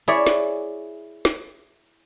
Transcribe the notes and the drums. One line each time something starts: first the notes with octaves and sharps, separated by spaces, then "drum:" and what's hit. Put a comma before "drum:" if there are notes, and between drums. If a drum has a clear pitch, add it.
E4 G#4 C#5 D5 E5, drum: hi-hat
drum: snare
drum: snare